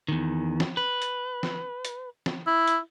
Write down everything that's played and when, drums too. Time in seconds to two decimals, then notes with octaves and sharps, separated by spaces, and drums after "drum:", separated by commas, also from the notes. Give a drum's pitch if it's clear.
0.08 E2 D#3
0.60 drum: snare
0.77 B4
1.02 drum: hi-hat
1.43 drum: snare
1.85 drum: hi-hat
2.26 drum: snare
2.47 E4
2.68 drum: hi-hat